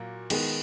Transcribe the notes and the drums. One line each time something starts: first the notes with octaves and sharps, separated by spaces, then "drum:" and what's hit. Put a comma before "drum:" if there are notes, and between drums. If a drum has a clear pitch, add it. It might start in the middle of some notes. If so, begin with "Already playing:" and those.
Already playing: A#2 F#3 A#3
D#3 G#3 B3, drum: cymbal